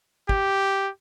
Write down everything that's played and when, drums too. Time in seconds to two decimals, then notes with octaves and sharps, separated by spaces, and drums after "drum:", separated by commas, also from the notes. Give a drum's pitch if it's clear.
0.29 G4, drum: kick